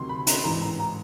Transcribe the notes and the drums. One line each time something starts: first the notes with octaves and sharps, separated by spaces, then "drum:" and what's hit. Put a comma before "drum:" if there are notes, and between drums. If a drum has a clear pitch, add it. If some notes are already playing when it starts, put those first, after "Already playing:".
Already playing: D2 C3 D#3 F#3 C6
B5
A#5, drum: hi-hat
A1 G#2 E3 A#5
A#5
A#5